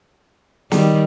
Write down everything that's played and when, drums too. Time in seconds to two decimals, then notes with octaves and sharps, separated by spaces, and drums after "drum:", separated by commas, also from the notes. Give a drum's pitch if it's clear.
0.71 D#3 G3, drum: snare